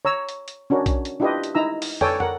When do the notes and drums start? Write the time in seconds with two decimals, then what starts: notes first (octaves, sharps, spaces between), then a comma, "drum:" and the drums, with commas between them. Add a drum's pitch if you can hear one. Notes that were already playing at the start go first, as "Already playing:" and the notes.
0.05 C#5 A#5 E6
0.29 drum: hi-hat
0.48 drum: hi-hat
0.70 C#4 D4 F#4 A#4
0.86 drum: kick, hi-hat
1.05 drum: hi-hat
1.20 D4 E4 F4 G4 B4 D#5
1.44 drum: hi-hat
1.55 D#4 E4 A#5 E6
1.82 drum: open hi-hat
2.01 A4 B4 C#5 D5 G5 G#5, drum: tom
2.20 A#4 F#5, drum: tom